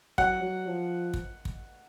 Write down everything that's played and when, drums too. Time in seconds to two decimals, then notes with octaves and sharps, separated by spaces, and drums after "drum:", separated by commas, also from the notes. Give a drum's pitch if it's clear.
0.18 F#3 F#5, drum: kick
0.42 F#3
0.67 F3
1.14 drum: kick
1.45 drum: kick